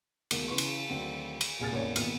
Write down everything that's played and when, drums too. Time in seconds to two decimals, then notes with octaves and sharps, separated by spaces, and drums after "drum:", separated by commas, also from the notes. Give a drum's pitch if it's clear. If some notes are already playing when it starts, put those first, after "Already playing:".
0.31 D2 B2 D#3 G#3, drum: cymbal
0.48 C#3 E3 B4 C6 C#6
0.58 drum: cymbal
0.89 D2 D3 D#3 F#3 C4
1.41 drum: cymbal
1.59 D#1 C2 G#4 G#5 F6 A6
1.72 A1 E2 D3 A#3 C#5 D5
1.96 G#1 A#2 D#3 B3 F6 C#7, drum: cymbal